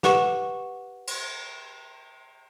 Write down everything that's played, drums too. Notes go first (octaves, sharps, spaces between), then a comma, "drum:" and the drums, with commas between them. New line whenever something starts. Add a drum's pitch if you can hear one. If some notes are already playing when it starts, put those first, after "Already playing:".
G4 B4 F#5 C#6 E7, drum: snare
drum: cymbal